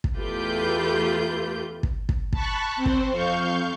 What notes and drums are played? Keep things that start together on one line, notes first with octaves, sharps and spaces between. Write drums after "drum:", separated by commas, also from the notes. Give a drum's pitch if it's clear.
drum: kick
E2 A3 F4 G4 B4 G6
drum: kick
drum: kick
A5 B5 C#6 F#6, drum: kick
C4 C5
drum: kick
F2 F5 C#6 G6